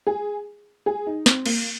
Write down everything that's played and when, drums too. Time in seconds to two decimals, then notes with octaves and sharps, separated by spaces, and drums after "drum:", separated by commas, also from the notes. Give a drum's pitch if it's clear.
0.07 G#4
0.86 G#4
1.07 D#4
1.26 C4, drum: snare
1.46 A#3, drum: cymbal